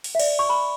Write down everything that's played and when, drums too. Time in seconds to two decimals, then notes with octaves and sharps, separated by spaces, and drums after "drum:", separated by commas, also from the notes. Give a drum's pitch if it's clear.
0.04 drum: open hi-hat
0.15 E5
0.19 D5, drum: cymbal
0.39 C#6
0.49 B5